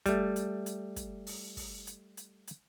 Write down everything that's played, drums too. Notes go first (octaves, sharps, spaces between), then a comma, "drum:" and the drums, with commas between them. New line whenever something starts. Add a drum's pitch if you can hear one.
G3 A3, drum: kick, hi-hat
drum: hi-hat
drum: hi-hat
drum: kick, hi-hat
drum: open hi-hat
drum: kick, open hi-hat
drum: hi-hat
drum: hi-hat
drum: hi-hat